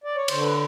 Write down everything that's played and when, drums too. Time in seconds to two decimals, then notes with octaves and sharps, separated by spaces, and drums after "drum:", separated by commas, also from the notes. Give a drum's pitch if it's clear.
0.04 D5
0.16 C#5
0.28 D3 C5, drum: cymbal
0.41 B4